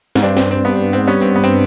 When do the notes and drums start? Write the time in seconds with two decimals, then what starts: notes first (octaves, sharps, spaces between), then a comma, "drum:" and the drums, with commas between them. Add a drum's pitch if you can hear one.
0.15 G#2, drum: snare
0.22 G2 C4 D4
0.37 C4, drum: snare
0.51 C4
0.65 B3
0.93 G#2 C4
1.07 G2 B3 C#4
1.21 C4
1.36 B3
1.44 C4